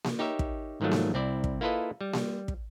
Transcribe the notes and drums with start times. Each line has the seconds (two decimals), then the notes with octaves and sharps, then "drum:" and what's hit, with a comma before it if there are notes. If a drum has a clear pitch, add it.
0.04 drum: snare A#3
0.19 D#4 G4 A#4 C#5 E5
0.39 drum: kick
0.81 G#2 D#3 F3 F#3 A3
0.91 drum: snare A#3
1.14 C2 C4 E4 D5
1.44 drum: kick
1.61 A#3 E4 F4 A4 B4 D#5
2.01 G3
2.13 drum: snare A#3
2.48 drum: kick